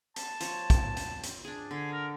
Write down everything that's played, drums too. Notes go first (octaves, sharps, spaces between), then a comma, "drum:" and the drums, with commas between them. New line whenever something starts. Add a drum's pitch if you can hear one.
A5, drum: hi-hat
F3 C#5 C#6, drum: hi-hat
drum: kick, hi-hat
drum: hi-hat
drum: hi-hat
D4 G#4
D3 G#4
A#4